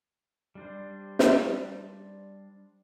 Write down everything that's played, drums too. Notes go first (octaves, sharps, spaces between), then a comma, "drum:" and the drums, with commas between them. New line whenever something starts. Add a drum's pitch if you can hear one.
G3 D4 C5
drum: snare